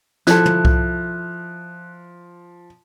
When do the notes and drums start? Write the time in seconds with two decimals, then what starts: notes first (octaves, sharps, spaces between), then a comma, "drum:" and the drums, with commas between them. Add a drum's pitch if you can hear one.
0.27 F3 E4 A4 F#6, drum: snare
0.45 drum: tom
0.65 drum: kick C2